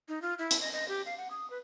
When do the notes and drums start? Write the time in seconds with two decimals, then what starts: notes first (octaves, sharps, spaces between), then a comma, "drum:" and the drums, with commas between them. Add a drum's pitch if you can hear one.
0.08 D#4
0.22 F4
0.39 E4
0.51 drum: hi-hat
0.61 D#5
0.73 D#5
0.88 G4
1.06 F5
1.18 F#5
1.31 D#6
1.50 B4